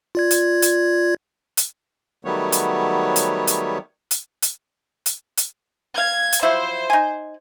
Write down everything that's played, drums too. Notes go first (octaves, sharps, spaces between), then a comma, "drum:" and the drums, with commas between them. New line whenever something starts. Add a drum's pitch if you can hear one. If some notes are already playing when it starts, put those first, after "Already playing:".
F4 D5 G#6
drum: hi-hat
drum: hi-hat
drum: hi-hat
D#3 F#3 G3 A3 B3 C#5
drum: hi-hat
drum: hi-hat
drum: hi-hat
drum: hi-hat
drum: hi-hat
drum: hi-hat
drum: hi-hat
F5 G#6
drum: hi-hat
F3 F#3 E4 C5
D#4 G#5